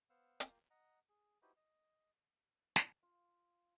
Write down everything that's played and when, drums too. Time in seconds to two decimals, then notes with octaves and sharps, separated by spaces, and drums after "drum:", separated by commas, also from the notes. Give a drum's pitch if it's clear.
0.10 B3 C5 F5 F#5 E6
0.40 A#3 F4 A#4 F5 G5, drum: hi-hat
0.70 D#5 F#5 A#5
1.09 G#4
1.42 D#4 E4 F#4 G4 B4 C5
1.57 D#5
2.76 drum: snare
3.03 F4